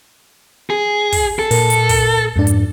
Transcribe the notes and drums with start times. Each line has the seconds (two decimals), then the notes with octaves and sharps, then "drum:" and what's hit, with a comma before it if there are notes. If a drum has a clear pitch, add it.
0.70 G#4
1.12 drum: kick, open hi-hat
1.39 A4
1.51 A#2 A#4, drum: open hi-hat
1.70 drum: hi-hat
1.89 drum: kick, open hi-hat
2.36 F2 G#2 D4
2.47 drum: hi-hat